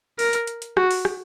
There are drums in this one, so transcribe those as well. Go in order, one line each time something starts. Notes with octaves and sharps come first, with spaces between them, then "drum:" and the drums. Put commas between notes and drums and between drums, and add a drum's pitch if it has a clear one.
A#4, drum: open hi-hat
drum: hi-hat
drum: hi-hat
drum: hi-hat
F#4, drum: rim click
drum: open hi-hat
drum: rim click